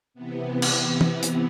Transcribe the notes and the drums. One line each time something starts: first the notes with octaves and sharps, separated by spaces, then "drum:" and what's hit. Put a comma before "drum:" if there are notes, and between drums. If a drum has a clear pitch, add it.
C3 E3 B3
drum: cymbal
drum: tom
drum: hi-hat